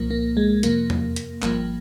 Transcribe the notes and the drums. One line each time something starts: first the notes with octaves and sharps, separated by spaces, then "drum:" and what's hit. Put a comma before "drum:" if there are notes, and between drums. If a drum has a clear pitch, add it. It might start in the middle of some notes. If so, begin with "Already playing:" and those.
Already playing: C2 A#2 F3 A#3
A#3
G#3
F2 C3 F3 A#3, drum: hi-hat
drum: tom E2
drum: hi-hat
G#1 G2 F3 A#3, drum: clap